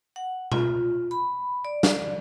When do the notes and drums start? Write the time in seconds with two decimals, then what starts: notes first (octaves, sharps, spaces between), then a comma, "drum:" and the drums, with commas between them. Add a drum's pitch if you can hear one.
0.16 F#5
0.52 F4, drum: tom B2
1.11 B5
1.65 D5
1.83 drum: snare